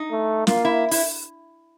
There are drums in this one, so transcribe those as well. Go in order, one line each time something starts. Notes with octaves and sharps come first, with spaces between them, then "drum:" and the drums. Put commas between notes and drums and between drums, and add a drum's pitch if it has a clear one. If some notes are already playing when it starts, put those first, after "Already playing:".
Already playing: D#4
A3
A#3 F4, drum: snare
E4
E4, drum: open hi-hat